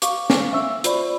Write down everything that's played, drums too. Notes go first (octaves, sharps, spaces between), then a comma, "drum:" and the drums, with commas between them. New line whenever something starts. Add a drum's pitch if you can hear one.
F5 C#6 D6, drum: hi-hat
drum: snare
E5 C#6 E6
F4 C5 D5 B5, drum: hi-hat